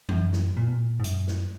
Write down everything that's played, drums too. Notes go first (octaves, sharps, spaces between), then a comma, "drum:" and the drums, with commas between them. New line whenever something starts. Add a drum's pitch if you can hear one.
F#2, drum: tom E3
drum: snare
A#2
B2
A#2
G#2
F#2, drum: hi-hat
drum: snare